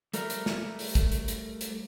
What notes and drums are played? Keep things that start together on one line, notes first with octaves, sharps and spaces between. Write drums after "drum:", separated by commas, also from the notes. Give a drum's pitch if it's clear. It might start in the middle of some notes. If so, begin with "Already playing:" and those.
G3 A3 A#4, drum: hi-hat
drum: hi-hat
drum: snare
drum: open hi-hat
drum: kick, hi-hat
drum: hi-hat
drum: hi-hat
drum: hi-hat